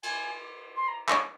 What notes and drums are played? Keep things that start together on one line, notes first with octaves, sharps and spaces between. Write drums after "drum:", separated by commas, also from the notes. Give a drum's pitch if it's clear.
G#5, drum: cymbal
C6
A#5
C#6, drum: clap